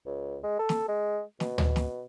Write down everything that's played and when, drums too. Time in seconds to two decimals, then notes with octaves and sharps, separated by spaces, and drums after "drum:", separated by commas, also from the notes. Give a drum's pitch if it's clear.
0.06 C#2
0.43 G#3
0.59 A4
0.69 drum: snare
0.88 G#3
1.40 B2, drum: snare
1.58 drum: tom D2
1.76 drum: snare